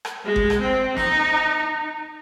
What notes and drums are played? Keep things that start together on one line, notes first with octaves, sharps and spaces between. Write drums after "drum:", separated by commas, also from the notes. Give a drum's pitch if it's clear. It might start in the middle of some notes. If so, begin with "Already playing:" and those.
drum: rim click
G#3
drum: kick G1
drum: rim click
C4
D#4, drum: snare